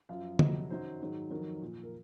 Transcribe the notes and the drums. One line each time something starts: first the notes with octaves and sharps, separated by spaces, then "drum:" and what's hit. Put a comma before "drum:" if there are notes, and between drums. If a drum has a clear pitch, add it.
F#2 F3 F5
F2 C3 F#3 D#5, drum: tom D3
F#2 D#3 F#3 C5
G#2 D#3 F#3
F2 D#3 F#3 A#4
A#2 F3
A#4